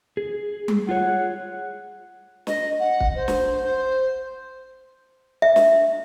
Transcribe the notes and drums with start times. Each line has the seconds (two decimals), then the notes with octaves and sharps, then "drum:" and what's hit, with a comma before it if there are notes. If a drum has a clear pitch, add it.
0.17 G#4
0.68 drum: tom G3
0.89 F4 G#4 C#5 F#5
2.47 D#5, drum: snare
2.79 F#5
3.00 drum: kick
3.15 C5
3.28 drum: snare
3.63 C5
5.42 E5
5.56 drum: snare